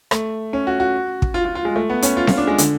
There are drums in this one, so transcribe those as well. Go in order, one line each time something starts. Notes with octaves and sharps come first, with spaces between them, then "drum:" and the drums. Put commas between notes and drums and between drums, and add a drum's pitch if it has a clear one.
A3, drum: rim click
C#4
F#4
F#4
drum: kick
F4
F4
F4
G#3
A3
B3
C#4, drum: hi-hat
F4
F4, drum: snare C4
D4
G#3
D3, drum: hi-hat